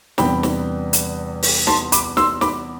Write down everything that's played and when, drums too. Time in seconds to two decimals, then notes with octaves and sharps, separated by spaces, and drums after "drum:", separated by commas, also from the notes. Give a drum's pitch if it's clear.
0.18 E2 C3 G3 B3 D4 G5 B5, drum: snare
0.43 drum: snare
0.93 drum: hi-hat
1.43 drum: open hi-hat
1.67 A5 C6, drum: snare
1.92 B5 D6, drum: hi-hat
2.17 C6 E6, drum: snare
2.41 B5 D6, drum: snare